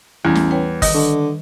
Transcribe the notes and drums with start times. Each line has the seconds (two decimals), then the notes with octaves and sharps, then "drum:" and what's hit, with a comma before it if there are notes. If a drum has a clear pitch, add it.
0.25 A1 E2 G3
0.35 drum: snare
0.51 B4 C#5 G5
0.82 D#3 D#5, drum: kick, open hi-hat
0.94 D3 C#6